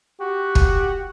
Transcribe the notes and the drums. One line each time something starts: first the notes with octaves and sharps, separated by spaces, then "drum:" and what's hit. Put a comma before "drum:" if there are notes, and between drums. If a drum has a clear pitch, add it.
F#4 G4
drum: kick